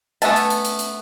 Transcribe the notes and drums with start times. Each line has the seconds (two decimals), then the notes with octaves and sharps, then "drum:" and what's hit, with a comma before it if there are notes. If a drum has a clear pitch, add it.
0.22 A3 B3 E5 G#5 A5, drum: hi-hat
0.36 drum: hi-hat
0.50 drum: hi-hat
0.65 drum: hi-hat
0.79 drum: hi-hat